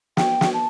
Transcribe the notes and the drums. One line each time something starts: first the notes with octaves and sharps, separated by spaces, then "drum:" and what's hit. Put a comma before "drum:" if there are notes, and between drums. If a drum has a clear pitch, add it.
G5, drum: snare
drum: snare
A5